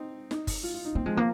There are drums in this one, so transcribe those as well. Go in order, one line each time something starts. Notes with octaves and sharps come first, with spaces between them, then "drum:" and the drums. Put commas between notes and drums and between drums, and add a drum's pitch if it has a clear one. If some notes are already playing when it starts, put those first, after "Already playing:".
Already playing: C4 D#4
D#4, drum: snare
drum: kick, open hi-hat
F4
F4
D#4
A#3 C4
F3 G#3
F3 A#3